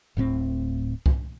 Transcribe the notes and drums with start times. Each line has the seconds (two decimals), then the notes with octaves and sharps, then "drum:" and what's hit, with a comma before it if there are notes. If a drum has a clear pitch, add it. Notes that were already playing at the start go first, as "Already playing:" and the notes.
0.17 D1 A2 A3 C4
1.06 drum: kick C2